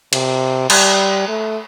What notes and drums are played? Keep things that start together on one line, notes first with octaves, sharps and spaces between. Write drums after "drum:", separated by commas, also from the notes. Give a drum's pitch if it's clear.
C3, drum: cymbal
G3, drum: cymbal
A3